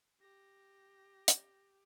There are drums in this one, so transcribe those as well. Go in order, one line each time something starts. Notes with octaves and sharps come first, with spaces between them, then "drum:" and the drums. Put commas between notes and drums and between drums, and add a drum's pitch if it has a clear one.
G4 A#6
drum: hi-hat